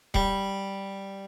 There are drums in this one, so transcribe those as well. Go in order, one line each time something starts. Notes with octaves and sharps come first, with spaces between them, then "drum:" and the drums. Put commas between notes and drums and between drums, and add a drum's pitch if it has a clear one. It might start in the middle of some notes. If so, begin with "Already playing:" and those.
G3, drum: kick D#1